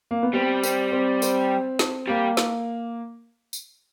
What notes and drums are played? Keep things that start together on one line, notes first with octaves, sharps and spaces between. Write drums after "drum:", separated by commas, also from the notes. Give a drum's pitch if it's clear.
A#3
B3
G3 C4
C4, drum: tambourine
C4
C4, drum: tambourine
drum: snare
G3 A#3
drum: snare
drum: tambourine